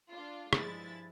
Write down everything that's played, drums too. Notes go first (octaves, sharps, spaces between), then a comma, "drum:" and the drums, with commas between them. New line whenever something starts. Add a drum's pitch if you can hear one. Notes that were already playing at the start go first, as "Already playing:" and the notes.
D4 F4
G2 F3 G#3 E4 A6, drum: rim click